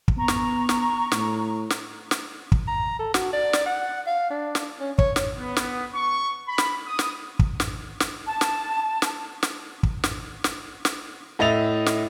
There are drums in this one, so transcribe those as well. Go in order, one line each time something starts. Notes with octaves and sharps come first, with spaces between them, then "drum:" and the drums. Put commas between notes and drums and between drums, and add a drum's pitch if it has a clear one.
drum: kick
B3 A#5 C#6
drum: snare
drum: snare
A2, drum: snare
drum: snare
drum: snare
drum: kick
A#5
A4
F#4, drum: snare
D5
drum: snare
F#5
F5
D4
drum: snare
C#4
C#5, drum: kick
drum: snare
B3
drum: snare
C#6
B5
drum: snare
D#6
drum: snare
drum: kick
drum: snare
drum: snare
A5
drum: snare
drum: snare
drum: snare
drum: kick
drum: snare
drum: snare
drum: snare
A2 D#5 E5 A6 F7
drum: snare